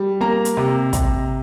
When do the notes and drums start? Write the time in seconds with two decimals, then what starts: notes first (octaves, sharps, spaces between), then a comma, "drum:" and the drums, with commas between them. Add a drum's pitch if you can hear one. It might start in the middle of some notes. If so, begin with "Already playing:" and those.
Already playing: G3
0.21 A#3 A#5
0.45 drum: hi-hat
0.57 C3
0.93 C3, drum: kick, hi-hat